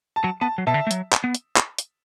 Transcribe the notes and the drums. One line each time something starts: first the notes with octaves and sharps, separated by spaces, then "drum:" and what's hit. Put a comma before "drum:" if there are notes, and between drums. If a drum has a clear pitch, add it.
A5
F#3
B3 A5
F#3
B2 E5 A5
D3
A3
F#3, drum: hi-hat
drum: clap
B3
drum: hi-hat
drum: clap
drum: hi-hat